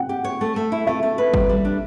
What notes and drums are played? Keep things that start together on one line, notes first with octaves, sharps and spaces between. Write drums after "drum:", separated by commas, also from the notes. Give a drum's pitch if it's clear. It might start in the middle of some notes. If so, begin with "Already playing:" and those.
Already playing: F#5 G5
G4
C#5
A3
A3
E4
A3 E5
A3
B4
G3, drum: kick G#1
G3
D4